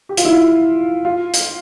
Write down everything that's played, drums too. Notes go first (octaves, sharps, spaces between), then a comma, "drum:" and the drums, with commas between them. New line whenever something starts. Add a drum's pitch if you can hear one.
G4
F4, drum: hi-hat
E4
F4
F4
drum: hi-hat